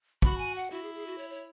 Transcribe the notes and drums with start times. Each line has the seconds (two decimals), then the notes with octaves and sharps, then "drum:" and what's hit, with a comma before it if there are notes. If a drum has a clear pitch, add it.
0.22 F#4 B5, drum: kick
0.38 G#5
0.55 F#5
0.71 E4 F#4
0.83 G#4
0.94 G#4
1.07 F#4
1.18 C#5
1.30 C#5